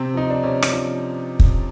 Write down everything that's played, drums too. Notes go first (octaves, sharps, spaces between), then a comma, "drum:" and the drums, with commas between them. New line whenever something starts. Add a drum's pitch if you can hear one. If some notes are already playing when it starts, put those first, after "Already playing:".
Already playing: C3 C4
F3 D#4
D4
C3 C#4
drum: rim click
F3
drum: kick